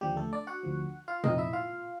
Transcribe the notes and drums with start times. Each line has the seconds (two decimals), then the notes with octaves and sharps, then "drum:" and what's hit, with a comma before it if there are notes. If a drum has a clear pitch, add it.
0.01 D#2 D3 F3 G3 G4
0.16 A3 A4
0.33 D4 D5
0.47 F#4 F#5
0.63 D2 D3 F3
1.08 F4 F5
1.24 F2 C3 F3 D#4 D#5, drum: tom A#2
1.38 E4 E5
1.53 F4 F5